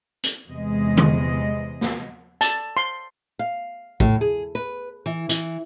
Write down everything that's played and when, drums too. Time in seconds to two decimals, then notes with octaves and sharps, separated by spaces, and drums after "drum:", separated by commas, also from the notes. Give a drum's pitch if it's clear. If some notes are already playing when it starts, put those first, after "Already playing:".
0.23 drum: hi-hat
0.50 E2 C3 G#3 D#5
0.97 drum: tom D3
1.81 drum: snare A#3
2.41 A5, drum: hi-hat
2.77 C6
3.39 F5
4.00 A2, drum: kick
4.21 G#4
4.55 B4
5.06 E3
5.29 E3, drum: hi-hat